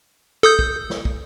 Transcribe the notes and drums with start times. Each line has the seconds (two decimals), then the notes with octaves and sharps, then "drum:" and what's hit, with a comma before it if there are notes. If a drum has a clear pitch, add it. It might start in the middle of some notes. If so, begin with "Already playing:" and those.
0.43 A4 D#6 G6
0.59 drum: kick
0.90 drum: snare
1.05 drum: kick